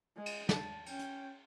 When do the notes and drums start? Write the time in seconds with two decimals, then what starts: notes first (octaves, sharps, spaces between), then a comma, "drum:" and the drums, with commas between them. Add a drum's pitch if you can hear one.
0.16 G#3
0.26 drum: cymbal
0.49 A5, drum: snare
0.86 C#4 G5, drum: cymbal
0.99 drum: hi-hat